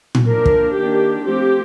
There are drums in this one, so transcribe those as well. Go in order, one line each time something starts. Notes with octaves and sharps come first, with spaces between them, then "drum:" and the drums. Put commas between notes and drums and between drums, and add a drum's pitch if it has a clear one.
drum: tom A#2
F3 A#3 D4 A#4
drum: kick
D#3 A#3 D4 G4
F3 A3 C4 G4